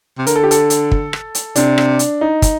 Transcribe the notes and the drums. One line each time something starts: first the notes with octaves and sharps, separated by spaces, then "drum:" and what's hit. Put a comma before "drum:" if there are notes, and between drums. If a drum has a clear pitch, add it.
C3
D3 A#4, drum: hi-hat
A4
G4
A4, drum: hi-hat
drum: hi-hat
drum: kick
drum: rim click
drum: hi-hat
C3 D4, drum: hi-hat
drum: rim click
drum: hi-hat
D#4
drum: kick, hi-hat